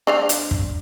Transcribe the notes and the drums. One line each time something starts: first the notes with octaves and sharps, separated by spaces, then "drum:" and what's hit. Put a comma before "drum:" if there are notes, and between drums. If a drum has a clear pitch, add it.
D4 C5 F5
drum: hi-hat
drum: kick